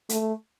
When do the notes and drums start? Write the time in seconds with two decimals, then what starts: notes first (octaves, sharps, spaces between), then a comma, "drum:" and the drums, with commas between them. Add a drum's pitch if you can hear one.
0.09 A3, drum: hi-hat